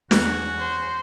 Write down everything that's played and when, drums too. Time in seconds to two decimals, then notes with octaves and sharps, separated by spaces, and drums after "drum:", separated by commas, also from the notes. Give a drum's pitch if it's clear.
0.11 E2 C#4 F#4, drum: snare
0.58 C5